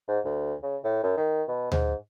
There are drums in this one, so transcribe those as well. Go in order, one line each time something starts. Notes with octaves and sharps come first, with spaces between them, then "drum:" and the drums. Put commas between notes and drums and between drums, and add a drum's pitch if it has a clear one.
G#2
D2
C#3
A2
F#2
D#3
B2
G#2, drum: tom D2